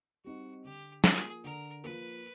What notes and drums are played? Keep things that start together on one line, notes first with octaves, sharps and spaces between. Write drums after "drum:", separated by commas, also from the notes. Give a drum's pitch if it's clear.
G3 C4 D#4 F#4
D3 G4
F3 A#3 G#4, drum: snare
D3 A#4
F3 A#3 B4